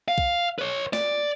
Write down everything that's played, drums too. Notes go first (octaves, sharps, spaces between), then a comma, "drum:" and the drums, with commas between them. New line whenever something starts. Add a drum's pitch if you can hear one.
F5
drum: kick B1
B4 C#5
D5, drum: snare